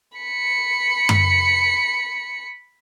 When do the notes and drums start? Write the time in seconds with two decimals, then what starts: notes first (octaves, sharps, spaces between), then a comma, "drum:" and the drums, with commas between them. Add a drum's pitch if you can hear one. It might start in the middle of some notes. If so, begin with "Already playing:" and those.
0.18 B5 C#7
1.09 drum: tom F#2